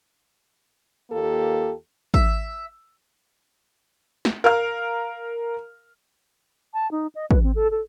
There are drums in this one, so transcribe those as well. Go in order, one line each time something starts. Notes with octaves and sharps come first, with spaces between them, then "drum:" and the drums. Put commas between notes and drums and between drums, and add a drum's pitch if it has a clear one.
D#2 A#3 F4 G4 A4
E5, drum: kick
drum: snare
A#4 F5 F6
A5
D#4
D#5
B4, drum: kick
C4
A4
A4